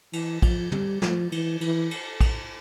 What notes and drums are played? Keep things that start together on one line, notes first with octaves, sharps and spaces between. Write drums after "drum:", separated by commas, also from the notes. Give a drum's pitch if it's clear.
E3, drum: cymbal
F3, drum: kick, cymbal
G3, drum: tom
F3, drum: snare
E3, drum: cymbal
E3, drum: cymbal
drum: cymbal
drum: kick, cymbal